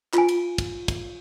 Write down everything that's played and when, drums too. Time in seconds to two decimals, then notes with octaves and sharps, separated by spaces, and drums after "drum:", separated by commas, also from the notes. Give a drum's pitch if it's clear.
0.14 F4 G#5, drum: clap
0.29 drum: cymbal
0.58 drum: kick, cymbal
0.88 drum: kick, cymbal